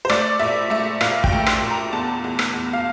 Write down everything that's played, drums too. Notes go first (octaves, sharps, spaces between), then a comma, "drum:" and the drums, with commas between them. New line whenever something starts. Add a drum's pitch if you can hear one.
C5
A3 D5, drum: rim click
A#2 E5
A3 E5
A#2 F5, drum: rim click
G5, drum: kick
A3
C6, drum: rim click
A#2
A#5
E2 A5
E2
drum: rim click
E2
F5